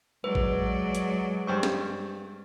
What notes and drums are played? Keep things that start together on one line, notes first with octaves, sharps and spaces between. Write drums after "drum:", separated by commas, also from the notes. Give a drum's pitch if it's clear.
F#3 G#3 B4 D5
drum: kick A1
drum: hi-hat
G2 C5 C#6
drum: snare